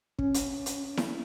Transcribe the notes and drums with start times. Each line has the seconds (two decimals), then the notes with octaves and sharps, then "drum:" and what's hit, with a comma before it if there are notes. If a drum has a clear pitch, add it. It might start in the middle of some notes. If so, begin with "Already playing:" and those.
0.19 C#4, drum: kick
0.34 drum: hi-hat
0.66 drum: hi-hat
0.97 drum: snare E4